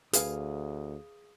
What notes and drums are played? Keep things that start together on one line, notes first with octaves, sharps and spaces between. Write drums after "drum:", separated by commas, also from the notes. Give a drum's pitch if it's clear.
D2 G#4 B4 F5, drum: hi-hat